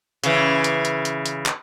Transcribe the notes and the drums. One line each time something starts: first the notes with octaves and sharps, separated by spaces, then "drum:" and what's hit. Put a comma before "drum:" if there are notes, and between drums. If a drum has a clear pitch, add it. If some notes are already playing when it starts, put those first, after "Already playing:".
C#3 E3, drum: hi-hat
drum: hi-hat
drum: hi-hat
drum: hi-hat
drum: hi-hat
drum: clap